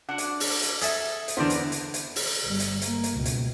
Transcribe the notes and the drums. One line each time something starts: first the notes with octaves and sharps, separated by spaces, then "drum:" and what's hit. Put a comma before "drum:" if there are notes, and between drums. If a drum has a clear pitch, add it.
D4 F#4 F#5
drum: hi-hat
drum: open hi-hat
drum: hi-hat
G#4 A4 E5, drum: hi-hat
drum: hi-hat
E2 D3 B3 A#4 C5 D5 A5
drum: hi-hat
drum: hi-hat
drum: hi-hat
drum: open hi-hat
G1 G3
drum: hi-hat
A#3, drum: hi-hat
drum: hi-hat
C#2 B2
drum: hi-hat